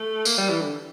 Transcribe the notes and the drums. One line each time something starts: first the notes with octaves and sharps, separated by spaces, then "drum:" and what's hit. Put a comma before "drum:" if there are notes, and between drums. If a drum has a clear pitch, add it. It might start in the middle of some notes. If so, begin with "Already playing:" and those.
Already playing: A3
A#3, drum: tambourine
G3
E3
D3